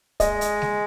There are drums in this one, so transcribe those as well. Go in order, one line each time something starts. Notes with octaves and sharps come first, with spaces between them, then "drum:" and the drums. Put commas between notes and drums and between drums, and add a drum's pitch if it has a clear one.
G#3 D#5, drum: kick, hi-hat
drum: hi-hat
drum: snare G#3